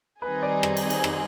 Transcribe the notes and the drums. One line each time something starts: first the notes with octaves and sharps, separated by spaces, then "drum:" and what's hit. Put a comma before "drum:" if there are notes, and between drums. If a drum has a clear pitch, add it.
D#3 G3 C4 D#4 G#4 B4
D5
drum: rim click
drum: cymbal
drum: cymbal
drum: rim click